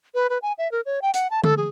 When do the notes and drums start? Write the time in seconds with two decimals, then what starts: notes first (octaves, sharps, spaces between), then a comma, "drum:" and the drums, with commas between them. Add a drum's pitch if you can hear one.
0.14 B4
0.30 B4
0.42 G#5
0.58 E5
0.72 A#4
0.86 C#5
1.02 G5
1.14 F#5, drum: hi-hat
1.31 A5
1.44 A4, drum: tom D3
1.57 G#4